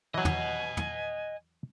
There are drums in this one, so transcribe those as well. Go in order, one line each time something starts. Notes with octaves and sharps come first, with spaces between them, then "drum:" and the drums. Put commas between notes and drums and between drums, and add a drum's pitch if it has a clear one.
E3 F#3 D#5 F#5 G#5
drum: tom
drum: tom